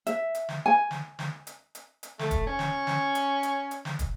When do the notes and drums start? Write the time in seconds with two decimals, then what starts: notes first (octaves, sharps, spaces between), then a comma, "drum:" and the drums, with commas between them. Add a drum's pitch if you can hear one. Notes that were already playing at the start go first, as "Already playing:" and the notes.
0.07 E5, drum: hi-hat
0.35 drum: hi-hat
0.49 drum: snare
0.66 G#5
0.91 drum: snare
1.19 drum: snare
1.47 drum: hi-hat
1.75 drum: hi-hat
2.03 drum: hi-hat
2.19 A3, drum: snare
2.31 drum: kick, hi-hat
2.47 C#4
2.59 drum: snare
2.87 drum: snare
3.15 drum: hi-hat
3.43 drum: hi-hat
3.71 drum: hi-hat
3.85 drum: snare
3.99 drum: kick, hi-hat